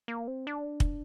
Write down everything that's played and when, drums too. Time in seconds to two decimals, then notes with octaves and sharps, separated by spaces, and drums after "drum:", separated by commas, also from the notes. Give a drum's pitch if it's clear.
0.08 A#3
0.28 C4
0.47 D4
0.80 drum: kick